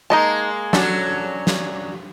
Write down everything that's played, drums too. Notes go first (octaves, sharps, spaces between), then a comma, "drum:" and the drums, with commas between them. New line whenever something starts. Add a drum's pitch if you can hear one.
G#3 A#3 D#4 D#5 A5
F#3 C#4 D4 F#4 A4, drum: snare
drum: snare